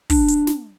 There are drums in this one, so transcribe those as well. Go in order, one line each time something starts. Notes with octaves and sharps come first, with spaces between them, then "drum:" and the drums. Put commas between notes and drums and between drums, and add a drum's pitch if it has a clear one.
D4, drum: kick, open hi-hat
drum: hi-hat
drum: snare